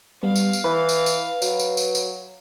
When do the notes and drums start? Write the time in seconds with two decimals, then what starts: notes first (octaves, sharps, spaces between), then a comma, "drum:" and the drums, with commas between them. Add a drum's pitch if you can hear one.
0.23 G3 B3 F5
0.36 drum: tambourine
0.53 drum: tambourine
0.64 E3 B4
0.89 drum: tambourine
1.06 drum: tambourine
1.42 F#3, drum: tambourine
1.59 drum: tambourine
1.77 drum: tambourine
1.95 drum: tambourine